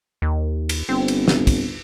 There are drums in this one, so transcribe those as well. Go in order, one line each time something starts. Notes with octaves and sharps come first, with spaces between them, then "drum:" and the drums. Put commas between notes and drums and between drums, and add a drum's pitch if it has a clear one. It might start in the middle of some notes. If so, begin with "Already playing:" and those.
D#2
drum: cymbal
G1 C4
drum: cymbal
drum: snare
drum: kick, cymbal